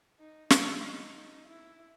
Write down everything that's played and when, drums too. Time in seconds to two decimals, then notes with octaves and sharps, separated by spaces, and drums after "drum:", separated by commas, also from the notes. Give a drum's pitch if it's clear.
0.19 D#4
0.50 D#4, drum: snare
0.83 D#4
1.14 D#4
1.48 E4